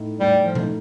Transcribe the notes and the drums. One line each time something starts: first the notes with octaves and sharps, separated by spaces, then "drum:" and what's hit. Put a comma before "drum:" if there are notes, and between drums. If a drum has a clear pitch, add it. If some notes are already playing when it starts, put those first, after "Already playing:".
Already playing: A2 A3 D#4
A2 G3
F3
A3 D#4, drum: tom A#2